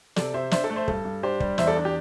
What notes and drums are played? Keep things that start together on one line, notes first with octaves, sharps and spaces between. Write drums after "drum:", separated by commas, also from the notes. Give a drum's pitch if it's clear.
C3 A4 D5, drum: snare
C3 C5 E5
D4 C5 E5, drum: snare
A4 D5
A3
C5 E5
G2 A4, drum: kick
G2
D4 G4 C5
G3, drum: kick
E2 C5 E5, drum: snare
A4 D5
D4
G4